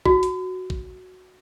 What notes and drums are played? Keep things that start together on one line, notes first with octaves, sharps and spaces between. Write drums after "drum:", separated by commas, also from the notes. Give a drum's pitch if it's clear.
F#4, drum: kick A#1
drum: hi-hat
drum: kick A#1